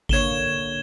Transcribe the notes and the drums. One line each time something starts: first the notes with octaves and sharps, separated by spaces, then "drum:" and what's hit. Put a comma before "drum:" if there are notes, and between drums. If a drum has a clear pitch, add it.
D3 A#3 C#5 G#6 E7 G7, drum: kick G#1